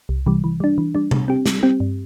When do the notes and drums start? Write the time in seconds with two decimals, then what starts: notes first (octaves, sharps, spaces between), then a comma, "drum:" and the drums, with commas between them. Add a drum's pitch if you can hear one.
0.09 C2
0.26 C3 E3 G3
0.44 E3
0.60 G3 D4
0.78 E3
0.95 G3 D4
1.11 G3, drum: tom C3
1.28 C4 G4
1.46 G3, drum: snare
1.63 C4 G4
1.80 G2